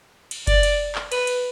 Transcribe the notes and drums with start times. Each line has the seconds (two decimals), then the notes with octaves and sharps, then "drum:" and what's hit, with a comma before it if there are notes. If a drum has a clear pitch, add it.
0.31 drum: cymbal
0.47 D5, drum: kick F#1, cymbal
0.63 drum: cymbal
0.95 drum: clap
1.12 B4, drum: cymbal
1.27 drum: cymbal